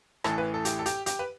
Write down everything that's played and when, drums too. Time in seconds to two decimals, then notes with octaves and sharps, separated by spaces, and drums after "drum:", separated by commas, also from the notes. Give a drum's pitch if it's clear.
0.24 A1 A2 E3 A4, drum: rim click
0.38 B4
0.54 A4
0.65 G4, drum: hi-hat
0.79 A4
0.86 G4, drum: hi-hat
1.06 G4, drum: hi-hat
1.19 B4